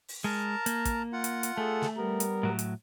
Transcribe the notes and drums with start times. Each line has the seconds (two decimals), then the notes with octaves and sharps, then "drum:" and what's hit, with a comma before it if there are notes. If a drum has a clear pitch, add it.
0.08 drum: open hi-hat
0.24 G#3 A#4 A5 A#5
0.66 A#3, drum: hi-hat
0.85 drum: kick, hi-hat
1.13 F4 F#5
1.24 drum: hi-hat
1.43 drum: hi-hat
1.57 A3 G#4 A4
1.82 drum: snare
1.97 G3 B3 A#4
2.20 drum: hi-hat
2.43 A2 F#3
2.59 drum: hi-hat